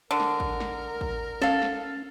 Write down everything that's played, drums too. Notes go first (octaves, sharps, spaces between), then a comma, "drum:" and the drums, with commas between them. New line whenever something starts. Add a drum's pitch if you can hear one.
D3 A#4
drum: snare
drum: kick
drum: snare
drum: kick
C#4 A4 F5, drum: snare
drum: snare